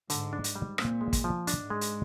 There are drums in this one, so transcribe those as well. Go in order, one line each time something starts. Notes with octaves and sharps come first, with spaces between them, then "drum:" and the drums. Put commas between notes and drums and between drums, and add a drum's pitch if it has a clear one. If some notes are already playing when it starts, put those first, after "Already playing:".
G#2 D3, drum: hi-hat
D4
drum: hi-hat
G3
A#2 C4, drum: rim click
G#3
drum: kick, hi-hat
F3
G#2 D4, drum: hi-hat
G#3
drum: hi-hat